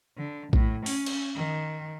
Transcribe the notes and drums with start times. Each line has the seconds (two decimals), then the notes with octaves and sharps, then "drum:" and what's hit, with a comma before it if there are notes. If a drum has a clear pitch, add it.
0.17 D3
0.53 A2, drum: kick
0.86 C#4, drum: open hi-hat
1.06 drum: cymbal
1.35 D#3